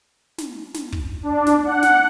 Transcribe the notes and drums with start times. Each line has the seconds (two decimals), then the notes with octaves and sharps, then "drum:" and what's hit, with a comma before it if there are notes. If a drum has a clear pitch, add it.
0.38 drum: snare
0.74 drum: snare
0.92 drum: kick
1.23 D4
1.46 drum: snare
1.65 F#5
1.83 drum: snare